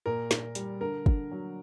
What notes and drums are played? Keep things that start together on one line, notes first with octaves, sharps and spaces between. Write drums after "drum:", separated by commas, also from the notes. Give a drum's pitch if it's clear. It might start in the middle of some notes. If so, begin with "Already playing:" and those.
A#2 A#4
A#2, drum: snare
G3, drum: hi-hat
D3 A#4
D3, drum: kick
F#3